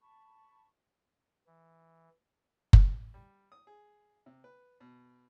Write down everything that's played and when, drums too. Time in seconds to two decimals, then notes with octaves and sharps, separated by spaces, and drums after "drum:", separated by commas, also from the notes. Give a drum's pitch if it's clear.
0.01 A5 B5 C#6
1.47 E3
2.73 drum: kick F#1
3.14 G3
3.52 D#6
3.67 G#4
4.26 C3
4.44 B4
4.80 B2